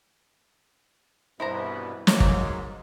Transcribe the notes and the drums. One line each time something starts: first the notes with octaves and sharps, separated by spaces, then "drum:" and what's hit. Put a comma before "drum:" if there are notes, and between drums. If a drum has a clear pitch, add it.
C2 G2 B2 E3 B3 E4 C5 A#5
G#2 F#3 A#3 C#5, drum: snare
drum: kick